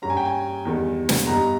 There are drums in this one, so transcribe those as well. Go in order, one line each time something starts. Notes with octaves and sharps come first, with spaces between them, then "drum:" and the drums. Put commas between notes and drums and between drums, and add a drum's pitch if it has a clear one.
G2 G3 C#4 A#5
G#5
G5
G#5
E2 D#3 G3
drum: snare
G2 G3 B3 D#4 A#5